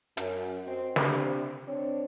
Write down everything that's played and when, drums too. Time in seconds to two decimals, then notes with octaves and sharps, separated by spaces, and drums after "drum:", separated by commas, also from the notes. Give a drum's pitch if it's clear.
0.17 F#2, drum: hi-hat
0.67 C4 F#4 D#5
0.96 C3 D4, drum: snare
1.67 C4 D4 C#5